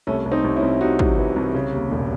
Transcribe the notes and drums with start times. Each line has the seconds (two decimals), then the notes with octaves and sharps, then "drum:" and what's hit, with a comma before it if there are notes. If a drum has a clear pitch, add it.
0.07 C2 A3 C#4
0.26 C2
0.32 C4 D#4
0.44 C2
0.56 C#4 E4
0.63 C2
0.81 C3 D#4 F#4
0.99 C3, drum: kick
1.18 E3
1.36 C2
1.55 C#3
1.73 D#2
1.91 E1